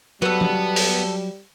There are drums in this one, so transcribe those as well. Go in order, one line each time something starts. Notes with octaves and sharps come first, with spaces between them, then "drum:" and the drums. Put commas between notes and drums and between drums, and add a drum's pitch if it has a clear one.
F#3 G3 B3 A4 B4
drum: tom
drum: open hi-hat